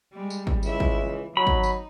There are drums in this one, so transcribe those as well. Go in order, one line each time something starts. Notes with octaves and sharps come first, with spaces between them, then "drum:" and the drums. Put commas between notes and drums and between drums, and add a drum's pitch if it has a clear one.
G3 G#3
drum: tambourine
drum: kick
C#2 E4 E5, drum: tambourine
drum: kick
E3
F#3 D#4 B5
drum: kick
drum: tambourine